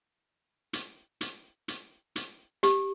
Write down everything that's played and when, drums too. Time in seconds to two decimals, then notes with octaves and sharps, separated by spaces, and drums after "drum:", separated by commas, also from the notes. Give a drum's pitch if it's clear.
0.73 drum: hi-hat
1.21 drum: hi-hat
1.68 drum: hi-hat
2.16 drum: hi-hat
2.63 G4, drum: hi-hat